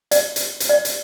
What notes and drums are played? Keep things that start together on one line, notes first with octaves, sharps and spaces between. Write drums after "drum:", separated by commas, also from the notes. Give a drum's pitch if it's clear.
D5, drum: hi-hat
drum: hi-hat
drum: hi-hat
D5
drum: hi-hat